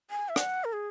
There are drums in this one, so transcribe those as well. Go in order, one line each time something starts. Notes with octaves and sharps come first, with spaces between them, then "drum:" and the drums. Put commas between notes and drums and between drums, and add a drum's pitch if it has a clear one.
G#5
E5
F#5, drum: rim click
A#4
G#4